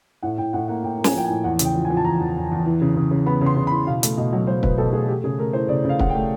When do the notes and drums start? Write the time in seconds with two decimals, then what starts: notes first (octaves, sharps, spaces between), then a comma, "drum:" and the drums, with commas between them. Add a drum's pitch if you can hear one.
0.23 A2 F#5
0.38 A2 G5
0.53 A2 F#5
0.68 A#3 F#5
0.84 A2 G5
0.98 A#3
1.04 G#5, drum: snare
1.14 F3 G5
1.25 G#5
1.30 A2
1.44 E2 F#5
1.59 C#3, drum: hi-hat
1.65 G5
1.75 F3
1.85 G#5
1.90 F3
1.97 A5
2.05 E2 A#5
2.20 E2
2.36 E2
2.51 E2
2.66 E3
2.81 C#3
2.96 C#3
3.11 C#3
3.26 B3 B5
3.41 C#3
3.46 C6
3.57 C#3
3.67 B5
3.72 E3
3.87 B2 F5
4.03 A3, drum: hi-hat
4.17 B2 D#5
4.33 F#3
4.47 F#3 C5
4.63 B2 B4, drum: kick
4.78 B2 A4
4.93 A3 G#4
5.08 A3 G4
5.24 C#3 G#4
5.39 A3 A#4
5.53 E3 C5
5.69 C#3 D5
5.84 C#3 F5
5.99 C#3 F#5, drum: kick
6.10 G5
6.15 A3